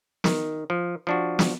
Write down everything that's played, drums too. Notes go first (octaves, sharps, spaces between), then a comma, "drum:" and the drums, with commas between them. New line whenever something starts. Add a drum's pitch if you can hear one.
D#3, drum: snare
F3
F3 D4 F#4
drum: snare